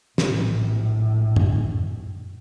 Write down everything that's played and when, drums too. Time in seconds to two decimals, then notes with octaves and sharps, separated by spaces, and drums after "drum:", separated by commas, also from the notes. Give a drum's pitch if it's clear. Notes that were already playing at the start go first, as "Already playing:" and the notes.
0.18 A#1 A2, drum: snare
1.36 drum: tom F#2